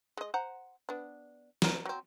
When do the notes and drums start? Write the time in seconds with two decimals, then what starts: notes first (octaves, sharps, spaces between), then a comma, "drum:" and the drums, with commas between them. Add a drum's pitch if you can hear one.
0.17 G#3 D#5
0.34 C5 F#5 A#5
0.89 B3 D4
1.62 F#3 A#4, drum: snare
1.85 F#3 C4